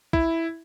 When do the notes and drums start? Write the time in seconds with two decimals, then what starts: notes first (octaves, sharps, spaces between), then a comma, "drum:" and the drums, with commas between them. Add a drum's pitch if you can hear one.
0.13 E4, drum: kick